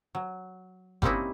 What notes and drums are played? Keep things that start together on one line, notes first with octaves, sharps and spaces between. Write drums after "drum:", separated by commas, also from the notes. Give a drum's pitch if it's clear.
F#3
G3 A#3 C4 C#4 D#4 E4, drum: kick G1